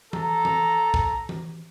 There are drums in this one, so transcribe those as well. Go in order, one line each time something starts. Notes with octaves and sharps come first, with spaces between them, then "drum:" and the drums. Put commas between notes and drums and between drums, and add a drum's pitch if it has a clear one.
A4 A#5, drum: tom E3
drum: tom E3
drum: kick
drum: tom E3